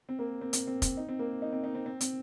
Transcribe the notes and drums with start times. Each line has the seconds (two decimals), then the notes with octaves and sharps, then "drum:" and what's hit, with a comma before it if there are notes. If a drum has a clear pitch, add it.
0.09 C4
0.19 A#3
0.41 C4
0.53 C4, drum: hi-hat
0.67 C4
0.82 C4, drum: kick F1, hi-hat
0.97 D#4
1.09 C4
1.19 A#3
1.42 D#4
1.53 C4
1.64 D#4
1.75 C4
1.86 C4
2.01 C4, drum: hi-hat